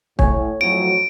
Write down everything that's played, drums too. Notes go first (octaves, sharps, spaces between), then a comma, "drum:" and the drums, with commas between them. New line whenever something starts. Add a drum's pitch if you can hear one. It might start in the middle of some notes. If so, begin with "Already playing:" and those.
A2 C#5 G#5, drum: kick
F2 A2 F#3 D7